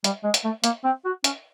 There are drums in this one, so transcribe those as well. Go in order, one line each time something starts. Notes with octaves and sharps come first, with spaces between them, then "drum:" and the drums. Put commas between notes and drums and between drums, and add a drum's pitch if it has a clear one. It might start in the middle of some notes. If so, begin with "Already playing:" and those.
G3, drum: hi-hat
G#3
drum: hi-hat
A3
A#3, drum: hi-hat
C4
F#4
C#4, drum: hi-hat